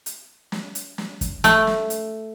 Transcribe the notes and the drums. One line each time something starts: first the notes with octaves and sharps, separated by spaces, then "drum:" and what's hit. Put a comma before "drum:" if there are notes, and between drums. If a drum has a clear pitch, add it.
drum: hi-hat
drum: snare
drum: hi-hat
drum: snare
drum: kick, hi-hat
A3, drum: hi-hat
drum: snare
drum: hi-hat